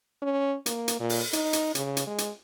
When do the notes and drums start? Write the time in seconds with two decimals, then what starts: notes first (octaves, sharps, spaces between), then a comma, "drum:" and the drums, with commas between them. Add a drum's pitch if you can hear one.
0.22 C#4
0.66 A#3, drum: hi-hat
0.88 drum: hi-hat
1.00 A#2
1.09 drum: open hi-hat
1.33 D#4, drum: hi-hat
1.53 drum: hi-hat
1.75 C#3, drum: hi-hat
1.97 drum: hi-hat
2.07 G#3
2.18 drum: hi-hat